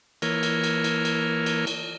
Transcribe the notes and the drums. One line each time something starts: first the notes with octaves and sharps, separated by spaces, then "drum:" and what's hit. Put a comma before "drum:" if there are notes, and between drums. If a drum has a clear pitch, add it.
E3 A#3 A#4 C#5, drum: cymbal
drum: cymbal
drum: cymbal
drum: cymbal
drum: cymbal
drum: cymbal
drum: cymbal